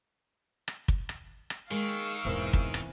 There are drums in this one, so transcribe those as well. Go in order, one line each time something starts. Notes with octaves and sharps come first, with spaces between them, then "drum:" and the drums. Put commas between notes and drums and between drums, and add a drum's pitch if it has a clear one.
drum: rim click
drum: kick
drum: rim click
drum: rim click
D#3 G#3 A#3 F5 C#6 E6
E1 G#2 C3 E3 A#3
drum: kick
drum: rim click